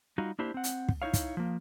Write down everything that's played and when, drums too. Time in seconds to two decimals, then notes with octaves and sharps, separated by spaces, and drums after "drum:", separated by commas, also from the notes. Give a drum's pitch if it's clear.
0.18 G3 D#4 F4 F#4
0.39 A#3 D4 E4 G4 C5
0.54 C4 F#5
0.64 drum: hi-hat
0.89 drum: kick
1.02 D#4 E4 C#5 F5
1.13 drum: kick, hi-hat
1.37 F3 A#3